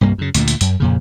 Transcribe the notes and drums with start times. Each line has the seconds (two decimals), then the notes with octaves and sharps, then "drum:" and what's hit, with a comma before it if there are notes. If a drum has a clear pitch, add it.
0.01 C2 G2 G3 A#3
0.18 F#2 C#3
0.34 D2 A#2 A3, drum: hi-hat
0.48 drum: hi-hat
0.61 F#2, drum: hi-hat
0.80 F2 A#2 C#3